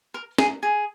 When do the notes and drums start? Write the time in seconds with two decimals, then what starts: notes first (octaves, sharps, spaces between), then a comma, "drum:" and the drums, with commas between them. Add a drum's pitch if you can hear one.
0.14 A#4
0.38 G#4, drum: snare
0.63 G#4